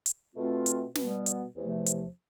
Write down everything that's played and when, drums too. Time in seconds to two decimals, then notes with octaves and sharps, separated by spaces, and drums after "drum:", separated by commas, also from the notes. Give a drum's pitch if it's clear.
0.06 drum: hi-hat
0.36 B2 A3 C4 F4
0.66 drum: hi-hat
0.95 B2 G3 B3, drum: snare
1.26 drum: hi-hat
1.56 E2 C3 F3 A3
1.86 drum: hi-hat